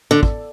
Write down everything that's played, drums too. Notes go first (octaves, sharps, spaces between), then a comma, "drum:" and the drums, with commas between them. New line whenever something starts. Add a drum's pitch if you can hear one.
D3
drum: kick